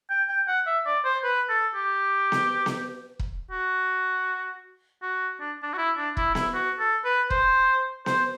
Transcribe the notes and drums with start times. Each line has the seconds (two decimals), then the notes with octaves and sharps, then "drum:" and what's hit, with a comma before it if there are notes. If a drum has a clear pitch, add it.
0.10 G5
0.29 G5
0.47 F#5
0.67 E5
0.86 D5
1.05 C5
1.24 B4
1.49 A4
1.74 G4
2.32 drum: snare B3
2.66 drum: snare B3
3.19 drum: kick
3.51 F#4
5.02 F#4
5.41 D4
5.62 D4
5.73 F#4
5.78 E4
5.97 D4
6.17 E4, drum: kick
6.35 E4, drum: snare B3
6.54 F#4
6.79 A4
7.04 B4
7.30 C5, drum: kick
8.06 C5, drum: snare B3